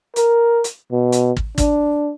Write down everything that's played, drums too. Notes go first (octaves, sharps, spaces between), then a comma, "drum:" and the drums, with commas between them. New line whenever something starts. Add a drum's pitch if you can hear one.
A#4, drum: hi-hat
drum: hi-hat
B2
drum: hi-hat
drum: kick
D4, drum: kick, hi-hat